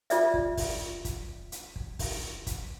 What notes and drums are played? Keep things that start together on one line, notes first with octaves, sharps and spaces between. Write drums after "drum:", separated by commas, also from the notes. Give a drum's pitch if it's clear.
F4 D5 E5, drum: hi-hat
drum: kick
drum: kick, open hi-hat
drum: kick, hi-hat
drum: hi-hat
drum: kick
drum: kick, open hi-hat
drum: kick, hi-hat